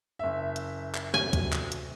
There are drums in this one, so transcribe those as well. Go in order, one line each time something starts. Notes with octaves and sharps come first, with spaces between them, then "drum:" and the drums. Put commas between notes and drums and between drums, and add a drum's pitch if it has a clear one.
F#1 E5
drum: hi-hat
drum: clap
D2 C3 G#5
drum: kick, hi-hat
drum: clap
drum: hi-hat